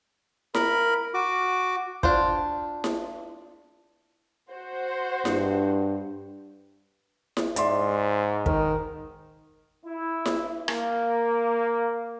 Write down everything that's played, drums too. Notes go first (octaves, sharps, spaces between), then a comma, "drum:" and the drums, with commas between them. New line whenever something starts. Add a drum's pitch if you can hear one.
A#4 B5, drum: snare E4
F#4 D6
D4 F4 C5, drum: kick
drum: snare E4
F#4 C5
G2, drum: snare E4
drum: snare E4
G#2 D5 E5 C6, drum: hi-hat
D#3 A#4, drum: kick
E4
drum: snare E4
A#3, drum: rim click